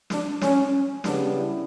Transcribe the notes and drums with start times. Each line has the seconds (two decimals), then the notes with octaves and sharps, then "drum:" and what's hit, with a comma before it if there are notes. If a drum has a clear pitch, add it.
0.10 D4, drum: snare
0.41 C#4, drum: snare
1.04 C#3 G3 B3 D4, drum: snare
1.35 E4